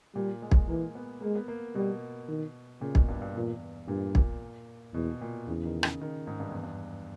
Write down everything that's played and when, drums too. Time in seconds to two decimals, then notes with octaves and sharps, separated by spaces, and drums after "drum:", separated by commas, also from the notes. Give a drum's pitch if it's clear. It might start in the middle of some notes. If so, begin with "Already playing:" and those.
0.15 A#2 G3
0.42 G#3
0.51 drum: kick
0.69 E3 A#3
0.95 B3
1.22 G#3 A#3
1.35 B3
1.48 A#3
1.75 B2 G3
2.28 D#3
2.81 A#2 C#3
2.95 B2, drum: kick
3.08 G2
3.22 G2
3.35 E2 A#2
3.87 G2 A#2
4.15 A#2, drum: kick
4.94 E2 B2
5.21 A#2
5.47 E2 C#3
5.65 D#3
5.83 C#3, drum: rim click
6.01 D#3
6.27 G#2
6.40 G2
6.51 E2
6.63 G2